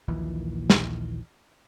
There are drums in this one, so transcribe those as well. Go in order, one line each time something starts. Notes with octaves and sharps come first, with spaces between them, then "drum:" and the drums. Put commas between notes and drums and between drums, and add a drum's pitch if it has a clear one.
A#1 D#2 A#2 E3
drum: snare